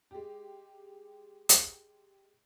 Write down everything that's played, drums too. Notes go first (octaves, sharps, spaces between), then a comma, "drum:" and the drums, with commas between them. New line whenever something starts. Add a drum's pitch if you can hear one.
G#3 G4
drum: hi-hat